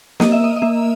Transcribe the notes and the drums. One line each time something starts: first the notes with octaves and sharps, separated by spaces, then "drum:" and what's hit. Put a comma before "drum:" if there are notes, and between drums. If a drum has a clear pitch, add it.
A#3 D#5, drum: snare
E5
D#5
D#5
A#3 E5